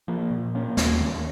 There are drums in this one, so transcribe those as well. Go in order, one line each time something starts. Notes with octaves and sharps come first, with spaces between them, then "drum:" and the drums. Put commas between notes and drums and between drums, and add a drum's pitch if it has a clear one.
F3 A#3
A#2
A#3 C#4
D#2, drum: snare
D#3 A#3 C#4